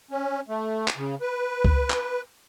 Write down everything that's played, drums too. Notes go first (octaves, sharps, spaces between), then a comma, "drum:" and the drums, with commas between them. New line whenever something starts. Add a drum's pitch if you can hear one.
C#4
A3
drum: clap
C#3
B4
drum: kick C#2
drum: clap